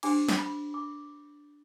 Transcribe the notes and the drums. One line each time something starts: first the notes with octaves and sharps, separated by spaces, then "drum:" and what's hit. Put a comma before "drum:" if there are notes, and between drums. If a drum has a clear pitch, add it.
D4 G4 C5 D6, drum: cymbal
drum: snare
B5
D6